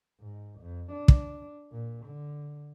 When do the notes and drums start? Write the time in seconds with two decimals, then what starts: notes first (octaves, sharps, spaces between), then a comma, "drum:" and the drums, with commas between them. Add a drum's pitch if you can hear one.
0.21 G#2
0.60 F2
0.92 D4
1.08 drum: kick
1.72 A#2
2.06 D3